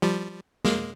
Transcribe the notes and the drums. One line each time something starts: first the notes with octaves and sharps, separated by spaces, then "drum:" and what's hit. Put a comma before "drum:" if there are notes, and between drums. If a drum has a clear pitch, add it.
F3 G3
G#3 A#3, drum: snare